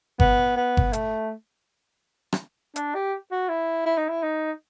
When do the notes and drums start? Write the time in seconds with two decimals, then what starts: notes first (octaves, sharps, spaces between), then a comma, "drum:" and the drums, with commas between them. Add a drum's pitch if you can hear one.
0.20 B3, drum: kick G1
0.57 B3
0.77 drum: kick G1
0.93 A3, drum: hi-hat
2.33 drum: rim click
2.76 D4, drum: hi-hat
2.95 G4
3.31 F#4
3.49 E4
3.86 E4
3.97 D#4
4.09 E4
4.23 D#4